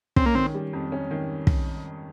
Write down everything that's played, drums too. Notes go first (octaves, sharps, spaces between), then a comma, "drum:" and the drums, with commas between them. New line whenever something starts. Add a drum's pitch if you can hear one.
C4 C#4, drum: kick
A#3
D#3 C4
G3
F2
C#4
D#3
drum: kick